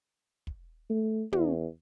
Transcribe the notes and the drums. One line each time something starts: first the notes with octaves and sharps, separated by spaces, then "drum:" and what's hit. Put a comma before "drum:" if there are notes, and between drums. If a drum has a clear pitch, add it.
drum: kick
A3
E2, drum: tom